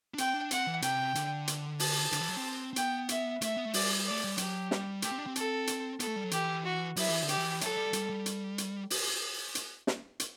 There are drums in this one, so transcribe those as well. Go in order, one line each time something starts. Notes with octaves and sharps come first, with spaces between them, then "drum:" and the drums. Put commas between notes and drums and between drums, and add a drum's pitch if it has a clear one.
D4
C4 G5, drum: hi-hat
D4
C4 F#5, drum: hi-hat
E3
C3 G5, drum: hi-hat
D3, drum: hi-hat
drum: hi-hat
A5, drum: open hi-hat
D3, drum: hi-hat
E3
F#3
C4
C4
B3 G5, drum: hi-hat
E5, drum: hi-hat
A3 E5, drum: hi-hat
B3
A3
G3 D5, drum: open hi-hat
A3 D5
G3
F#3 G4, drum: hi-hat
G3, drum: snare
A3 G4, drum: hi-hat
C4
D4
C4
A4, drum: hi-hat
drum: hi-hat
B3 A4, drum: hi-hat
A3
G3
F#3
E3 G4, drum: hi-hat
F#4
F#3 E4, drum: open hi-hat
E3
D3
G4, drum: hi-hat
E3
F#3 A4, drum: hi-hat
G3
G3, drum: hi-hat
G3
drum: hi-hat
drum: hi-hat
drum: open hi-hat
drum: hi-hat
drum: snare
drum: hi-hat